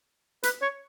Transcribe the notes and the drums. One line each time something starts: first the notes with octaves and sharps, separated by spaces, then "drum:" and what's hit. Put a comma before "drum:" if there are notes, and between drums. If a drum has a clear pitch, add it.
B4, drum: hi-hat
C#5